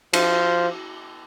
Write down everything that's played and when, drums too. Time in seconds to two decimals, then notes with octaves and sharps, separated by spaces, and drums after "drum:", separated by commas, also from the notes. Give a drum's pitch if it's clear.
0.13 F3, drum: cymbal